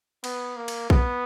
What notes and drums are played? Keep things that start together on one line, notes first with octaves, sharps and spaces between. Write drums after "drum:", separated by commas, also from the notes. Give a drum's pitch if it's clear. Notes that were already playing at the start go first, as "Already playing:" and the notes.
B3, drum: cymbal
A#3
drum: cymbal
B3, drum: kick A#1